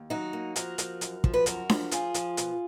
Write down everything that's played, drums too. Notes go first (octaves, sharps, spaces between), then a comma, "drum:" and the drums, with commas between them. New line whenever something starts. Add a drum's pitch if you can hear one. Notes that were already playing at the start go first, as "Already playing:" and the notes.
Already playing: D#2
F#3 D#4 F#4
A#3
F3 F#4 A#4, drum: hi-hat
F3, drum: hi-hat
F#2, drum: hi-hat
F3, drum: kick
B4
F#2 F#4 A#4, drum: hi-hat
F3, drum: snare D4
F3 F4 G#4, drum: hi-hat
F3, drum: hi-hat
B2, drum: hi-hat